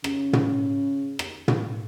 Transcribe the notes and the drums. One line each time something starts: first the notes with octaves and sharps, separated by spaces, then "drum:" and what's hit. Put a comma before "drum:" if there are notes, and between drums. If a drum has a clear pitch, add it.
C#3, drum: rim click
drum: tom
drum: rim click
drum: tom